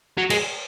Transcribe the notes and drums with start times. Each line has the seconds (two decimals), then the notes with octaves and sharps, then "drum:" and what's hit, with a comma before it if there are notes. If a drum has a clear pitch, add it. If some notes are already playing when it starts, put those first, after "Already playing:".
0.18 F#3
0.30 G#3, drum: cymbal